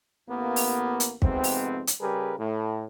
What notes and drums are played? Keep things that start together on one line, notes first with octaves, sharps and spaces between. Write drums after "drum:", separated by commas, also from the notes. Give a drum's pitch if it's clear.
A1 A#3 B3
drum: open hi-hat
drum: hi-hat
F2 G#2 C3 B3 C4, drum: kick
drum: open hi-hat
drum: hi-hat
C#3 G3 G4 G#4 A#4 B4
A2